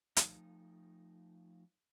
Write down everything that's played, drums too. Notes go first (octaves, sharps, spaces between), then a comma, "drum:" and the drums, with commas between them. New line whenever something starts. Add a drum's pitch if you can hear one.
F3 A3 D#4, drum: hi-hat